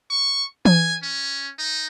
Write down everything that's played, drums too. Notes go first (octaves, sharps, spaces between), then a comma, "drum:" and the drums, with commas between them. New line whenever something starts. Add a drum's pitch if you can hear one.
C#6
G#5, drum: tom E3
C#4
D#4